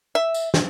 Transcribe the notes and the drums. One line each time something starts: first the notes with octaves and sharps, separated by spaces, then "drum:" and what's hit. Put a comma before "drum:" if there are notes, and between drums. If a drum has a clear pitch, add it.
E5
drum: tambourine
drum: snare